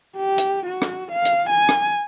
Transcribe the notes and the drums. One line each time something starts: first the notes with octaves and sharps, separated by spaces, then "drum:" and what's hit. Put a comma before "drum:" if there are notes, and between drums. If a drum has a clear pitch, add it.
G4
drum: hi-hat
F#4
drum: rim click
F5
drum: hi-hat
G#5
drum: rim click